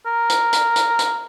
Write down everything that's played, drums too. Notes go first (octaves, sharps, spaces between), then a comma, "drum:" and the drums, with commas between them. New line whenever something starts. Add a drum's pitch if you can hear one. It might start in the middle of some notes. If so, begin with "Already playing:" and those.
A#4
drum: hi-hat
drum: hi-hat
drum: hi-hat
drum: hi-hat